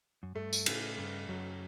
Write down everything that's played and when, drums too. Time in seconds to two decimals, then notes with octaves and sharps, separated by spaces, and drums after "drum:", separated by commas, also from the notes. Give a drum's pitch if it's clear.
0.23 F#2
0.35 G2 A3
0.53 drum: tambourine
0.66 A2 C#3, drum: cymbal
0.98 G2 C#3
1.28 F#2 F#3